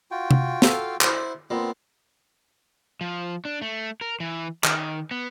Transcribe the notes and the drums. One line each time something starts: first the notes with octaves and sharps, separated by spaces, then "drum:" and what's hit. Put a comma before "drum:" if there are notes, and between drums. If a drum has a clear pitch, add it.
F4 F#4 G5
drum: tom C3
A4 F5, drum: snare
E4 C5 F#5, drum: clap
A#2 B3 C4
F3
D4
A3
A#4
E3
D#3, drum: clap
B3